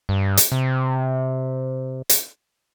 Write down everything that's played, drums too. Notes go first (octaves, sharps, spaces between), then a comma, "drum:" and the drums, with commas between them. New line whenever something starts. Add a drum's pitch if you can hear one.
G2
drum: hi-hat
C3
drum: hi-hat